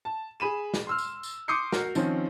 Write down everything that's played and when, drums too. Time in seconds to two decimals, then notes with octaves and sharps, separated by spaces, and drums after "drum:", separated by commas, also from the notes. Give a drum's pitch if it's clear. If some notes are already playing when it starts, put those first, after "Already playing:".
0.05 A5
0.40 G#4 B5 D#7 E7
0.74 drum: snare
0.87 C6 E6 F6
0.98 drum: tambourine
1.23 drum: tambourine
1.48 C6 D6 D#6 G6 C7 C#7
1.72 F#4 A#4, drum: snare
1.95 D#3 F3 C4 C#4, drum: tambourine